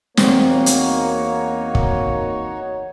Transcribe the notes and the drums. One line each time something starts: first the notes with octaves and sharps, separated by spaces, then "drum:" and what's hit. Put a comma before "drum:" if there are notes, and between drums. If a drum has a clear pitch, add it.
E2 A#3 C4 D#4 F#4 C#5, drum: snare
drum: hi-hat
drum: kick